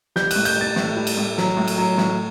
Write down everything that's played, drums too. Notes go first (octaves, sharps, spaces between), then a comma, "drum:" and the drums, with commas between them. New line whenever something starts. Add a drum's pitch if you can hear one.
G3 G6, drum: snare
F#6, drum: cymbal
A2
G6, drum: cymbal
G3 A6
A2, drum: snare
G3
drum: cymbal
A2
F#3, drum: snare
A2
drum: cymbal
F#3
A2, drum: snare